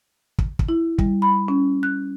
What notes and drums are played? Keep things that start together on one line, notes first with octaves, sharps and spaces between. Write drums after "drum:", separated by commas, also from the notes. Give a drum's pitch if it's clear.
drum: kick
drum: kick
E4
G3, drum: kick
B5
C#4
F#6